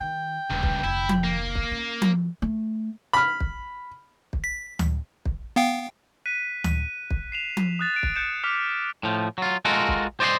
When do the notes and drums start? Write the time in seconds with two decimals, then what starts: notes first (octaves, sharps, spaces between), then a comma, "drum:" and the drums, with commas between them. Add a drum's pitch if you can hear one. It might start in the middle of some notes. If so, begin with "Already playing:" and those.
0.01 D#3 G5
0.51 D#1 C#2 G2
0.63 drum: kick
0.84 F1 D2 E4
1.09 drum: tom F3
1.24 A#3
1.55 drum: kick
1.72 C#4
2.02 drum: tom F3
2.42 A3
3.13 B5 F6
3.40 drum: kick
4.33 drum: kick
4.44 B6
4.79 drum: tom D2
5.25 drum: kick
5.56 B3 F5 G5
6.26 F#6 B6 D#7
6.64 drum: tom D2
7.11 drum: kick
7.32 C7 E7 F7
7.57 drum: tom F3
7.79 D#6 F#6 A6
7.94 F#6 D7
8.03 drum: kick
8.16 F#6 G6 A6 C#7 E7
8.44 D6 F6 B6 F7
9.03 A2 F3
9.38 F#3 F4
9.65 G#3 F4 F#4 A4 A#4
9.88 drum: kick
10.20 C5 D5 D#5 G5 C6